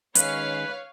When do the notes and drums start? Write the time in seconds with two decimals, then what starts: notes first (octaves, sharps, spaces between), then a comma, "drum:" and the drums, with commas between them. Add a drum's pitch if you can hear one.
0.15 D#3 G#3 C#4 B4 C#5 F5, drum: hi-hat